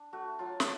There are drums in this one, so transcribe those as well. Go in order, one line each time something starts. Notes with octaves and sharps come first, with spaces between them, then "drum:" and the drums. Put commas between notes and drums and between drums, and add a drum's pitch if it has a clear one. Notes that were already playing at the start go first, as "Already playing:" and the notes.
Already playing: D4
A3 F#4
F#3 F4
drum: snare